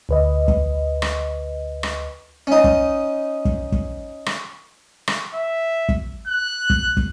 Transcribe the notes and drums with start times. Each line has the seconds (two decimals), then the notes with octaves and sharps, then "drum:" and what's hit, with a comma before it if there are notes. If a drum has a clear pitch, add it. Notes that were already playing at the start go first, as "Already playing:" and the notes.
0.09 D2 B4 D#5
0.48 drum: kick
1.02 drum: rim click
1.83 drum: rim click
2.47 C#4 D#4
2.64 drum: kick
3.45 drum: kick
3.72 drum: kick
4.26 drum: rim click
5.07 drum: rim click
5.35 E5
5.89 drum: kick
6.28 F#6
6.70 drum: kick
6.97 drum: kick